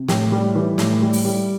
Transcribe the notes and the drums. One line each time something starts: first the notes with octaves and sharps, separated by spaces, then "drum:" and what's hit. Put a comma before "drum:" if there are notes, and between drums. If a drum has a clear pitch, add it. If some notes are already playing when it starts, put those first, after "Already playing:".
Already playing: C3
A2 G4, drum: snare
G3
E3
A2, drum: snare
G3
drum: open hi-hat
G3